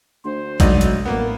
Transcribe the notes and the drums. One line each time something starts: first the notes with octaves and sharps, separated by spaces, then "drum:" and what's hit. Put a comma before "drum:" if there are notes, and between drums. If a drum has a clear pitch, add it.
D2 C5
B1 F#3 G#3 D5 D#5, drum: kick A1, hi-hat
drum: hi-hat
A2 A#3 B3 A#4